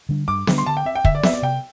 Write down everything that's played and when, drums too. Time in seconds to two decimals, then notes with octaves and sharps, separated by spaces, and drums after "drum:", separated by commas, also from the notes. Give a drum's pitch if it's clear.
0.09 D3 G3 D4
0.28 G2 D6
0.47 D3 G3 D4, drum: snare B3
0.58 C6
0.66 D3 A5
0.77 G5
0.85 C4 E5
0.95 G5
1.05 D3 E5, drum: kick
1.15 D5
1.23 C4 E5, drum: snare B3
1.33 D5
1.42 C3 G5